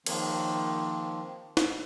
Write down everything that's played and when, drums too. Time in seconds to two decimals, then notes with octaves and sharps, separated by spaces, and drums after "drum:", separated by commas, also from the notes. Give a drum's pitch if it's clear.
0.06 D#3 F3 A#3 C4, drum: cymbal
1.57 drum: snare